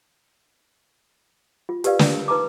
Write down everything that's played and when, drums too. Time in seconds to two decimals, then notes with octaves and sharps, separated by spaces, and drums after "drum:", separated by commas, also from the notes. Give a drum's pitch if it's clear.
1.69 F4
1.84 G4 A#4 B4 D5 F5, drum: hi-hat
1.99 B4, drum: snare
2.13 A#4
2.28 D#4 B4 A5 A#5 D6